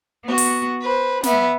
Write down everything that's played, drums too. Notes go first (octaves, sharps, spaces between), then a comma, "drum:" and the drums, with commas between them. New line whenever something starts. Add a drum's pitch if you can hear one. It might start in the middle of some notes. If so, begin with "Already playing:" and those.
B3 F#4
drum: open hi-hat
B4 C5
B3 E5, drum: snare